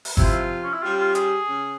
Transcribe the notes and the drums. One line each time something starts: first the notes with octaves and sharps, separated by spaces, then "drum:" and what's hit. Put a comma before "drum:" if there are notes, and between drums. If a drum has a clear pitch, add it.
drum: open hi-hat
C3 F3 C4 E4 F4, drum: kick
C#4
E4
G3 C#4 F4 G4
F4
G#4, drum: hi-hat
C#3